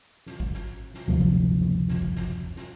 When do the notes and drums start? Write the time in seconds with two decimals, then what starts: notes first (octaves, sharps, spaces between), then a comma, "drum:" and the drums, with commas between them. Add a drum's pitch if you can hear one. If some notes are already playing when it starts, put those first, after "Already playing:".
0.26 drum: snare
0.40 drum: kick G#1
0.53 drum: snare
0.94 drum: snare
1.07 F#1 D2 C3 F3
1.21 drum: kick G#1
1.62 drum: tom C#3
1.89 drum: snare
2.02 drum: kick G#1
2.16 drum: snare
2.56 drum: snare